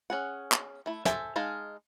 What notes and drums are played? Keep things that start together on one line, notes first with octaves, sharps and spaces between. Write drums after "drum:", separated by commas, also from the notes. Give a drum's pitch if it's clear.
C#4 G#4 F#5
drum: clap
A3 E4
A4 C5 E5 G#5 A5, drum: snare
G#3 D#4 G#4 F5 A5